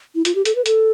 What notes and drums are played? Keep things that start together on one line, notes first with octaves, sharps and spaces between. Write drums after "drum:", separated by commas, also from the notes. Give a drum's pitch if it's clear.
E4
F4, drum: hi-hat
G4
A4, drum: hi-hat
B4
A4, drum: hi-hat